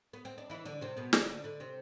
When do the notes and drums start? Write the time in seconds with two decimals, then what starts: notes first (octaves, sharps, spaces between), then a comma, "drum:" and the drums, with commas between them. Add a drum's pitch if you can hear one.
0.13 B3
0.25 C4
0.38 D4
0.50 E3 E4
0.65 D3 D4
0.81 C3 C4
0.97 B2 B3
1.13 D3 D4, drum: snare
1.29 D3 D4
1.44 D3 D4
1.60 C3 C4